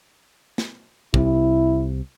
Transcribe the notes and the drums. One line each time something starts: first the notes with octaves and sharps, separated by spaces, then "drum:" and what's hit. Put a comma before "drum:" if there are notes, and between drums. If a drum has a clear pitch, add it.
drum: snare
C2 C3 E4, drum: kick